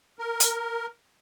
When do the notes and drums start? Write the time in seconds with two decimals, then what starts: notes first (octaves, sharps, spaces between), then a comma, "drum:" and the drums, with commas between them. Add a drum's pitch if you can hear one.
0.19 A#4
0.40 drum: hi-hat